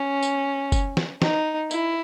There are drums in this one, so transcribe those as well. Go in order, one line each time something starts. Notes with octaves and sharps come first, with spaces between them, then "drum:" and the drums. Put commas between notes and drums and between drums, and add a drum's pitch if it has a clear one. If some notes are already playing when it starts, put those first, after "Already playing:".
Already playing: C#4
drum: tambourine
drum: kick, tambourine
drum: snare
D#4, drum: snare
E4, drum: tambourine